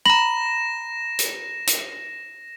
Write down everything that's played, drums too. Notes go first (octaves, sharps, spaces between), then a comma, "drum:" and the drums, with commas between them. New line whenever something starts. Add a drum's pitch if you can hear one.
A#5 B5 A#6 E7 F#7
drum: hi-hat
drum: hi-hat